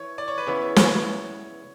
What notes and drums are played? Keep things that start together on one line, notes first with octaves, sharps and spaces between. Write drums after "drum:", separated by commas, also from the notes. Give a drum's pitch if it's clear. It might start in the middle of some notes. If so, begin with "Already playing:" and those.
Already playing: E3 C#5
D5
C#5
B4
C#3 E3 B3 C#5
C#5
C#5, drum: snare